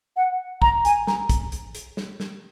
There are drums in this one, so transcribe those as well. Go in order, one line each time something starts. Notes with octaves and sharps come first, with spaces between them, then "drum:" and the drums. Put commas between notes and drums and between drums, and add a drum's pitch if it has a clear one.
F#5
A#5, drum: kick
G#5, drum: hi-hat
A#5, drum: snare
drum: kick, hi-hat
drum: hi-hat
drum: hi-hat
drum: snare
drum: snare